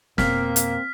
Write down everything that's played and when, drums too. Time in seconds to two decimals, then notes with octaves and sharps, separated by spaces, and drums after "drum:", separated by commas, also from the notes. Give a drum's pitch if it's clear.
0.18 F2 B2 F3 A#3 C4 F5 F6 B6, drum: snare
0.56 drum: hi-hat